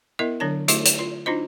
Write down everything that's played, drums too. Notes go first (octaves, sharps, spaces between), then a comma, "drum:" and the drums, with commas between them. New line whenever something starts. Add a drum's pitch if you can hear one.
B3 E4 A#4 D#5 E5
D3 F#3 D4 C#5 A5
A3 E4 F#4, drum: hi-hat
drum: hi-hat
F4
D4 D#4 F4 F#4 C5 D#5